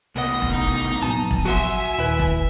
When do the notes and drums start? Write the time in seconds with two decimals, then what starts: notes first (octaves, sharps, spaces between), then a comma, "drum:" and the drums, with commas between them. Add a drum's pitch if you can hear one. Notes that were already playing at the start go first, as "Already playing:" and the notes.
0.16 C2 A2 B3 D#5 F#5
0.42 drum: kick E1
0.51 D#4
1.02 A#1 F#3 B3 G#5 A5
1.31 drum: kick E1
1.45 F#4 E5 F#5 C6
1.99 D#1 E4 B4
2.19 drum: kick E1